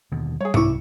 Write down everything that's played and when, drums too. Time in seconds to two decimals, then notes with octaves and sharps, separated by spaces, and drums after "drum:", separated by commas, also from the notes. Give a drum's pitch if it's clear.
0.12 D#2 B2 D3
0.41 G3 G#4 C#5
0.54 C2 E4 E5 C#6 D6 C#7, drum: tom G#2